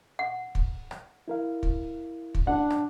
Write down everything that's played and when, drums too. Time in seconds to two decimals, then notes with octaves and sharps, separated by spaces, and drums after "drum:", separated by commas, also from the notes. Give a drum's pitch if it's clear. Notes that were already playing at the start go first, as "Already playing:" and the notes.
0.19 F#5
0.55 drum: kick
0.91 drum: rim click
1.28 E4 A#4 F5
1.63 drum: kick
2.35 drum: kick
2.47 D4 F#5
2.70 drum: rim click